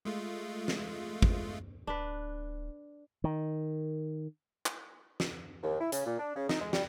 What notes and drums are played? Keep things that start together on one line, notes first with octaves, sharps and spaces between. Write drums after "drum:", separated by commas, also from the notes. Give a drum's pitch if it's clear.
G#3 A3 F4
drum: snare
drum: kick
D1 D4 B4
D#3
drum: clap
drum: snare
D#2
E4
C#3, drum: hi-hat
A#2
D4
C#3
D#4, drum: snare
G#3
G3, drum: snare